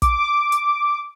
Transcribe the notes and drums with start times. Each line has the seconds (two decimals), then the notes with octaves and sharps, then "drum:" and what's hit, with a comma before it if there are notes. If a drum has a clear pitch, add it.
0.02 D6, drum: kick, hi-hat
0.52 drum: hi-hat